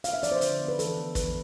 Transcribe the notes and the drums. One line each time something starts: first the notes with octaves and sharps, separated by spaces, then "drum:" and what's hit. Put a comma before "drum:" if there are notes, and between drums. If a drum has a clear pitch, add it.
D4 F5, drum: hi-hat
E5
F3 D5, drum: hi-hat
C5
D3, drum: hi-hat
B3
B4
E3 A4, drum: hi-hat
B3
E3 B4, drum: kick, hi-hat